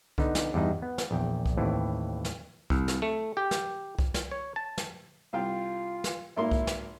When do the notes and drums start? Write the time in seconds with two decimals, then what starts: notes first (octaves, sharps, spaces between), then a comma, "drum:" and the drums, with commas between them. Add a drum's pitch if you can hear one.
0.18 D3 B3 D#4, drum: kick C2
0.35 drum: snare
0.54 E2 G2 D#4
0.82 B3
0.98 drum: snare
1.11 A#1 E2 G5
1.46 drum: kick C2
1.57 D#2 A2 E3 C4
2.25 drum: snare
2.70 C2, drum: kick C2
2.88 drum: snare
3.02 A3
3.37 G4
3.51 drum: snare
3.99 drum: kick C2
4.14 drum: snare
4.32 C#5
4.56 A5
4.78 drum: snare
5.33 C2 F4 F5 G5
6.04 drum: snare
6.36 G#1 A#3 E4 C6
6.51 drum: kick C2
6.67 drum: snare